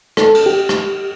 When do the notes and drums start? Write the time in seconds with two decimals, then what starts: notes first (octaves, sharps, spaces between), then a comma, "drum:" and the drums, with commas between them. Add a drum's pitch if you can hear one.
0.17 A4, drum: rim click
0.35 drum: cymbal
0.46 G4
0.69 drum: rim click